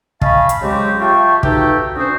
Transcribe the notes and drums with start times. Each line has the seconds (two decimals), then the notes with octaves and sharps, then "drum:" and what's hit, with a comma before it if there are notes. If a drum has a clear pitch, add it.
0.21 D#5 F5 G#5 A5 B5 C#6, drum: kick
0.49 drum: hi-hat
0.62 C#3 F#3 G#3 C4 G4
1.00 F4 G4 E5 G5 A5 C#6
1.43 A3 D#4 F#4 G4 A4 B4, drum: kick
1.96 D2 C#4 D4 F#4 C5 D#6